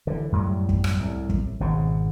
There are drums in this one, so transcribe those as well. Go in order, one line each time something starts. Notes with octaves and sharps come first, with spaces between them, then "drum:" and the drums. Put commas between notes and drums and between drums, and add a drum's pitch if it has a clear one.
D3 E3
F#2 A2 F#3 G3
drum: kick
drum: rim click
C2 A2
drum: kick
G#1 G#2 B2